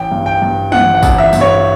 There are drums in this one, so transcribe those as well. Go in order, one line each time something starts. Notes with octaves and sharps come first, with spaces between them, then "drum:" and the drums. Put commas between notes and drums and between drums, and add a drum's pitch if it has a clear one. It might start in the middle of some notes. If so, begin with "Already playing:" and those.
Already playing: A1 G5
G2
G5
G2
A1 F#5, drum: tom
F#5
A1, drum: kick, tambourine
E5
G2, drum: tambourine
C#5